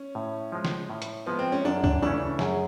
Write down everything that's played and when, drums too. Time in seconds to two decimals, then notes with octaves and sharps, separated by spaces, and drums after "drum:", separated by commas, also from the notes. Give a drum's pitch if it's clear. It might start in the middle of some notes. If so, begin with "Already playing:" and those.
Already playing: C#4
0.15 A2
0.52 F3 G#3
0.65 drum: snare
0.90 A2
1.02 drum: hi-hat
1.26 F3 G#3 B3
1.39 C4
1.52 C#4
1.65 F#2 D4
1.84 D4, drum: kick C#2
2.02 C#3 E3 A3 C#4 D4
2.39 F#2 G#4, drum: snare